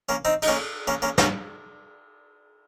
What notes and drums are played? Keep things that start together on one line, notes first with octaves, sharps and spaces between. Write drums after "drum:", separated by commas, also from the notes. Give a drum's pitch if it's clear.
A#3 C#4
C4 D#4
D#4, drum: cymbal
A#3 C#4
A#3 C#4
A#3 C#4
A#3 C#4, drum: snare